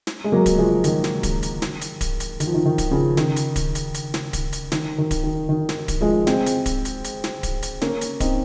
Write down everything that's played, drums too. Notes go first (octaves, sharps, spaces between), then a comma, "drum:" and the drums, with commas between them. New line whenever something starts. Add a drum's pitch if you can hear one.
drum: snare
G#3
F#3 A#3
drum: kick D1, hi-hat
F3 G#3
D#3, drum: hi-hat
drum: snare
drum: kick D1, hi-hat
drum: hi-hat
drum: snare
drum: hi-hat
drum: kick D1, hi-hat
drum: hi-hat
D#3, drum: hi-hat
F3
D#3
D#3
drum: kick D1, hi-hat
C#3 F3
D#3, drum: snare
drum: hi-hat
drum: kick D1, hi-hat
drum: hi-hat
drum: hi-hat
drum: snare
drum: kick D1, hi-hat
drum: hi-hat
D#3, drum: snare
D#3
drum: kick D1, hi-hat
D#3
D#3
drum: snare
drum: kick D1, hi-hat
F3 G#3
G#3 C4, drum: snare
drum: hi-hat
drum: kick D1, hi-hat
drum: hi-hat
drum: hi-hat
drum: snare
drum: kick D1, hi-hat
drum: hi-hat
A#3 C#4, drum: snare
drum: hi-hat
C4 D#4, drum: kick D1, hi-hat